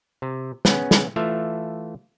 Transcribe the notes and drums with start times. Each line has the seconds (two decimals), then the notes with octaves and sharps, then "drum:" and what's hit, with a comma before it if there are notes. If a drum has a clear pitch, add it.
0.22 C3
0.65 B3 C#4 G#4, drum: snare
0.91 drum: snare
1.16 E3 A3 F4 E5 F5